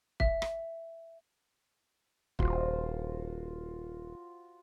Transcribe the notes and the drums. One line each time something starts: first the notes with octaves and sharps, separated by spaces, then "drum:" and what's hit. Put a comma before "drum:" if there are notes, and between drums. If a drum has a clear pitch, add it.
E5, drum: kick
drum: rim click
D#1 F4 F#4 C5, drum: kick